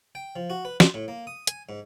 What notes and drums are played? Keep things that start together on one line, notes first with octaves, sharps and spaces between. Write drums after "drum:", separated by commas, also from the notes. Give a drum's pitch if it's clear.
G5
F3
F#4
B4
C6, drum: snare
A2
A#3
D#6
G#5, drum: hi-hat
G#2